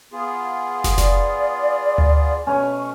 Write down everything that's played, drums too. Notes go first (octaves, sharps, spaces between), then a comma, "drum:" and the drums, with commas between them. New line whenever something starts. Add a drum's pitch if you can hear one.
B3 F4 G#4
drum: snare
D5, drum: snare
drum: tom D2
B2 A3 C#4 B4 C#5